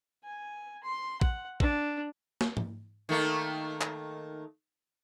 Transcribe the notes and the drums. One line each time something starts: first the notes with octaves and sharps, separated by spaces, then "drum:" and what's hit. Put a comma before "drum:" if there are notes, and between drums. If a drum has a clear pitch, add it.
G#5
C6
F#5, drum: kick
D4, drum: kick
drum: snare
drum: tom G#2
D#3 A3 A#3
drum: clap